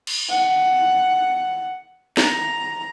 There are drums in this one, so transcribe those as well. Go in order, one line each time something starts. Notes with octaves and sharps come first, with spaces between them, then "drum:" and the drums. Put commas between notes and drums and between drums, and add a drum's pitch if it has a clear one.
drum: cymbal
F#5
A#5, drum: snare